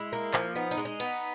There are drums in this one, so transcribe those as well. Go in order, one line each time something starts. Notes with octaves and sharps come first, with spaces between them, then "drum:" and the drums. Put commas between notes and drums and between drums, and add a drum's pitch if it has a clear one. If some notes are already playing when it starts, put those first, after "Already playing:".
Already playing: G#3 E4
A#3
F3, drum: clap
B3 D#4
D#4, drum: tambourine
G#3
D#4
B3, drum: cymbal